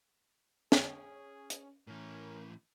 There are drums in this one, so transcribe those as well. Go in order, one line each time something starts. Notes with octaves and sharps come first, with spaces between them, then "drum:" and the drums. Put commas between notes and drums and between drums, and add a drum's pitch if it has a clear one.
C#4 G#4, drum: snare
drum: hi-hat
A2 E3 C#4 A#4